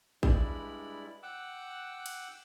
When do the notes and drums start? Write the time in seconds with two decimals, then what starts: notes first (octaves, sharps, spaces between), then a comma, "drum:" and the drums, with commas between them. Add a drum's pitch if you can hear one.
0.23 G2 G3 G#3 E4 D5 B5, drum: kick A1
1.23 F#5 G5 D6 E6 F#6
2.06 drum: cymbal